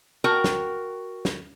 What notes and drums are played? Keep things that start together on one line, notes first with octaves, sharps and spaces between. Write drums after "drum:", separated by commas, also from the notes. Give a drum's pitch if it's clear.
F#4 A#4 G5
drum: snare
drum: snare